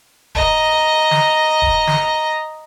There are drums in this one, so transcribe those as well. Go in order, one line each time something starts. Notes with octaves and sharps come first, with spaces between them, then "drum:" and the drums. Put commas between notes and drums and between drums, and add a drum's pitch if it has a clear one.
D#5 A#5, drum: kick
drum: snare
drum: kick
drum: snare